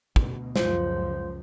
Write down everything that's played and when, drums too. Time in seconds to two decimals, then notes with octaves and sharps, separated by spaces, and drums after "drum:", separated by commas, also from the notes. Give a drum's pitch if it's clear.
0.16 D2 B2, drum: kick
0.56 C#2 F#2 F3 F4 C5, drum: snare